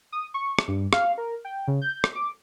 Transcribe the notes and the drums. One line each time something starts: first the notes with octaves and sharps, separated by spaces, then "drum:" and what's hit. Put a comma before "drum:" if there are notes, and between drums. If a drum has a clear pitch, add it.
D#6
C#6
drum: rim click
G2
F5, drum: rim click
A#4
G5
C#3
G6
drum: rim click
D6